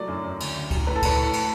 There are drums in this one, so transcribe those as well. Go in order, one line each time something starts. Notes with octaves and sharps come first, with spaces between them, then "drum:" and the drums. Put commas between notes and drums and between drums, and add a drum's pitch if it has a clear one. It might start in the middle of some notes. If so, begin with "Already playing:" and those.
Already playing: F#3 A3 D5
F#2
F#2
D2, drum: cymbal
D2
F#3, drum: kick C#2, cymbal
A2 B4
A4
A2 B4, drum: kick C#2, cymbal
A2
drum: cymbal